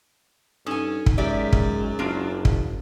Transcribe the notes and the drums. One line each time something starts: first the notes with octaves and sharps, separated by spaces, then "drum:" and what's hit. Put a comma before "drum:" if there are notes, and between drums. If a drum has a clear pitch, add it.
G2 C#4 D#4 A4 G#5
drum: kick
F#2 G#3 G4 D5 E5
drum: kick
F#1 A#3 D4 F4
drum: kick